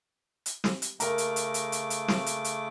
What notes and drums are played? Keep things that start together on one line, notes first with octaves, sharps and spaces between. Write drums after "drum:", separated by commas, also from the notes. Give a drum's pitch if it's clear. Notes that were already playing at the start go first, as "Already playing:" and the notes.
drum: hi-hat
drum: snare
drum: hi-hat
C#3 A3 A#4 A#5 D6, drum: hi-hat
drum: hi-hat
drum: hi-hat
drum: hi-hat
drum: hi-hat
drum: hi-hat
drum: snare
drum: hi-hat
drum: hi-hat